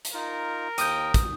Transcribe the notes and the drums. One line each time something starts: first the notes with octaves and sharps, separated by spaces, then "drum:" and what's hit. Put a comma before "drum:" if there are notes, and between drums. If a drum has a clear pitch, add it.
drum: hi-hat
D#4 F4 A#4
D#2 G5 D#6 G6, drum: hi-hat
drum: kick, hi-hat